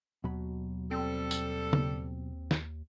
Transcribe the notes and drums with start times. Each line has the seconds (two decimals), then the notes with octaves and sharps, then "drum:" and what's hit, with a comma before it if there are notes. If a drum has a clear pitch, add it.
0.24 D#2 B2 F#3 B5
0.91 G3 C4 A4
1.31 drum: tambourine
1.73 drum: tom C#3
2.51 drum: snare